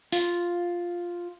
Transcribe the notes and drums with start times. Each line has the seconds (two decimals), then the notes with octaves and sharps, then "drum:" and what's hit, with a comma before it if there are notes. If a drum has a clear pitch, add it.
0.12 F4, drum: open hi-hat